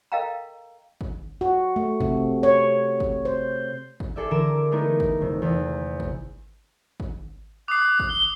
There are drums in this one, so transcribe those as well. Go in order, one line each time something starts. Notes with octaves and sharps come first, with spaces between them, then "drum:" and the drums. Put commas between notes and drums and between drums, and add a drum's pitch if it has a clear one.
A4 A#4 D#5 F5 G5 A#5
drum: kick
F#4
A3
C3, drum: kick
C#5
drum: kick
C5
drum: kick
G#4 A4 D5 E5
D3 E3 A#4 A#6 D7 E7
G#3 A3 B3 D#4 E4 A#4
drum: kick
F1 C3
E2
drum: kick
drum: kick
D6 D#6 F#6 C7
drum: kick
G7